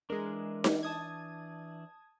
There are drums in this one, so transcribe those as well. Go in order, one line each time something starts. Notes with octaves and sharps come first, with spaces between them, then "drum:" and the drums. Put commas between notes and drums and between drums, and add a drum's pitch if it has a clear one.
E3 G#3 D4 A#4
drum: snare D#4
A5 D#6 G#6